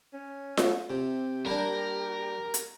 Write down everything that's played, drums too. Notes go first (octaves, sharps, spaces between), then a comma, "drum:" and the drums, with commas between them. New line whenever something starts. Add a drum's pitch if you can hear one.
C#4
drum: snare F4
C3 G4
G3 A#3 D4 A#4
drum: hi-hat